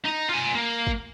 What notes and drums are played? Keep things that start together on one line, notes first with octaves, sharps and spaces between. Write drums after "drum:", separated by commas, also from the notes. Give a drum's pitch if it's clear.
D#4
F4 G#5
A#3
drum: kick